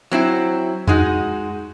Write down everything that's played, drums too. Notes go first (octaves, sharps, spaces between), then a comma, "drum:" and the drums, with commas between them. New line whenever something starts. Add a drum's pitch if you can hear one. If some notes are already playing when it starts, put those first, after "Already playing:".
F#3 C4 E4
G#3 D#4 F#4, drum: tom E2